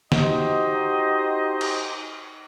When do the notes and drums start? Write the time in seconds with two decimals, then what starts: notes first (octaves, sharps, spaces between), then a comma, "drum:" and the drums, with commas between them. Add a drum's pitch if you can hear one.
0.12 D#4 F#4 G4 C5 D#5, drum: snare
1.61 drum: cymbal